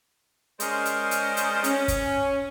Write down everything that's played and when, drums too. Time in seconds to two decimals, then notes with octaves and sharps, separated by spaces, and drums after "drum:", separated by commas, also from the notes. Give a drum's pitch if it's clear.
0.60 G#3 C#4 A#4 C5 D5 D#5, drum: hi-hat
0.85 drum: hi-hat
1.11 drum: hi-hat
1.37 drum: hi-hat
1.64 C#4, drum: hi-hat
1.88 drum: kick, hi-hat